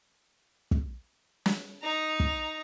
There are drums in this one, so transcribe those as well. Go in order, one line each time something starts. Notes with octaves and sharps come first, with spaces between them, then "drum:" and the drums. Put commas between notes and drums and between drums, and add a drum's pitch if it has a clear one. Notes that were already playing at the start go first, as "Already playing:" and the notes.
drum: kick
drum: snare
D#4 A#5
drum: kick